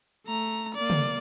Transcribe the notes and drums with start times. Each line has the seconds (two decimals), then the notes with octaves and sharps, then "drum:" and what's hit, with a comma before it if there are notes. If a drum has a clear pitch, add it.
0.27 A3 A#5
0.75 A#3 D5
0.90 drum: tom